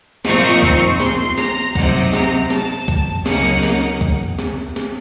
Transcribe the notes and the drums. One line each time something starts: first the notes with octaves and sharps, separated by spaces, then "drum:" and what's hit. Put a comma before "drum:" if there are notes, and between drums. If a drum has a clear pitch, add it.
A#2 F3 C4 D#4 C#6, drum: snare
drum: kick, hi-hat
C6, drum: snare
A#5, drum: snare
C3 F#3 C4 D#4 F#5, drum: kick, hi-hat
A#5, drum: snare
A5, drum: snare
drum: kick, hi-hat
C#2 C#3 F#3 A#3 D#4 F#5, drum: snare
drum: snare
drum: kick, hi-hat
drum: snare
drum: snare